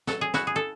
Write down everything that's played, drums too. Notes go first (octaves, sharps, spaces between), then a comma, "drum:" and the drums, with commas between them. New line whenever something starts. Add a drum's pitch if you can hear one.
F#3 A4, drum: snare
G#4
E4 F#4, drum: snare
G#4
A4